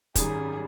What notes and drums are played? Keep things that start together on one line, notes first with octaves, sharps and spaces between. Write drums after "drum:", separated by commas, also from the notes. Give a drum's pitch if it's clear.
G#1 F#2 D#3 G3 G#4, drum: kick, hi-hat